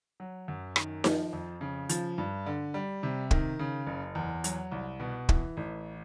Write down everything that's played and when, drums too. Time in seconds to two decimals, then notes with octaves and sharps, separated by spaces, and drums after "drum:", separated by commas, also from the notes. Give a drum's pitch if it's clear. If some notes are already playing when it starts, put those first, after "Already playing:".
0.20 F#3
0.48 F#2
0.76 D#3, drum: rim click
1.04 F3, drum: snare D#4
1.33 F2
1.61 C#3
1.89 F3, drum: hi-hat
2.18 G2
2.46 D3
2.74 G3
3.03 C3
3.31 D#3, drum: kick
3.59 C#3
3.87 F#1
4.15 E2
4.44 F#3, drum: hi-hat
4.72 C2
5.00 B2
5.29 E3, drum: kick
5.57 A1